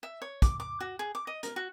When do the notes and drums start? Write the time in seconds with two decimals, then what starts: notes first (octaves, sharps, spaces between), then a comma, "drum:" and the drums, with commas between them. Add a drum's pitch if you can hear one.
0.03 E5
0.22 C#5
0.42 D6, drum: kick, hi-hat
0.60 D6
0.80 F#4
0.99 G#4
1.15 D6
1.27 D#5
1.43 A#4, drum: hi-hat
1.56 F#4